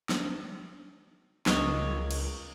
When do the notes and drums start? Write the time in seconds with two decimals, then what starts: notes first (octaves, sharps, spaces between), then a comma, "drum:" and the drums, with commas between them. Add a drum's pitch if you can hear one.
0.09 drum: snare
1.46 C#2 A#3 C#5 D#5, drum: snare
2.11 drum: cymbal